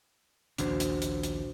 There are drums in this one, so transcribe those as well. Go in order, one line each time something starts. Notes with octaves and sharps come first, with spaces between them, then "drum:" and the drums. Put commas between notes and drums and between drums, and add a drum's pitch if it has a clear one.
A#1 D#2 C#3 D4 F#4 C5, drum: hi-hat
drum: hi-hat
drum: hi-hat
drum: hi-hat